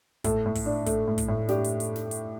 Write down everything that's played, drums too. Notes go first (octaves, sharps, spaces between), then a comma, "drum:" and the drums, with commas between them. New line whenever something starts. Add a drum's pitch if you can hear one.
A2 A4, drum: kick, hi-hat
A2
drum: kick, open hi-hat
D4
A3, drum: kick, hi-hat
A2
drum: kick, hi-hat
A2
D4 G4, drum: snare
drum: hi-hat
drum: hi-hat
drum: snare
drum: hi-hat